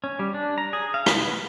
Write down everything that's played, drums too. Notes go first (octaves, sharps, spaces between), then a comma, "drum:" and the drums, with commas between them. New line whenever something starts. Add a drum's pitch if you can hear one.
C#4
G3
D4
A#5
G#4
F5
B3, drum: rim click